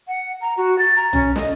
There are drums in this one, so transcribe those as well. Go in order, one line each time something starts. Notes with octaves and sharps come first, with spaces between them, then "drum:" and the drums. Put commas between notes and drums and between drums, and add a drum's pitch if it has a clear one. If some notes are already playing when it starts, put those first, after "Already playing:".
F#5
A#5
F#4
A6
A#5
C#4, drum: tom B1
D#5, drum: snare